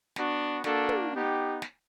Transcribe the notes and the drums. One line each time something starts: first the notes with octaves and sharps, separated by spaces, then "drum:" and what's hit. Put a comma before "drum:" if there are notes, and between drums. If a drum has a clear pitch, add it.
B3 D4 F#4, drum: snare
A#3 D4 F#4 A4, drum: snare
drum: tom
B3 D#4 G4
drum: snare